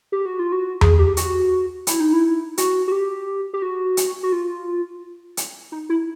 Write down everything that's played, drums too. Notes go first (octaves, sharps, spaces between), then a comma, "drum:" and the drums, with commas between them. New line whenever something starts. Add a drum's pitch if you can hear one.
G4
F#4
F4
F#4
G#4, drum: tom E2
G4
F#4, drum: hi-hat
E4, drum: hi-hat
D#4
E4
F#4, drum: hi-hat
F#4
G4
G4
F#4
drum: hi-hat
F#4
F4
drum: hi-hat
D#4
E4